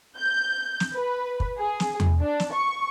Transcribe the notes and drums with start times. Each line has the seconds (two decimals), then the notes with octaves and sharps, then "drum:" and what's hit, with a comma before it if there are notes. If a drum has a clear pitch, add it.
0.17 G6
0.80 drum: snare
0.94 B4
1.40 drum: kick
1.59 G#4
1.80 drum: snare
2.00 drum: tom E2
2.20 D4
2.40 drum: snare
2.53 C#6